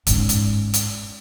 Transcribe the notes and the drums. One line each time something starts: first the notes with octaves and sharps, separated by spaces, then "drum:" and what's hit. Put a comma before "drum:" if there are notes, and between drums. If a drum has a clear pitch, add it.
G#2 C#4, drum: hi-hat
drum: hi-hat
drum: hi-hat